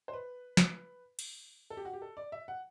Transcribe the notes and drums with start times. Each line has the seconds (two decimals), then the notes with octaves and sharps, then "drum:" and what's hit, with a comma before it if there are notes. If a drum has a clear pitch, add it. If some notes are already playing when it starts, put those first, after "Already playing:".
0.08 C5
0.13 B4
0.57 drum: snare
1.19 drum: cymbal
1.70 A4
1.77 G4
1.85 F#4
1.93 G4
2.02 A4
2.17 D5
2.32 E5
2.48 F#5